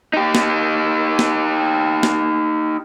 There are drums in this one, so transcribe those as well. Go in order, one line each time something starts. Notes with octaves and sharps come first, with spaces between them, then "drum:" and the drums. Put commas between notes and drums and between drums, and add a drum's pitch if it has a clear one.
D#4 G4
drum: snare
drum: snare
drum: snare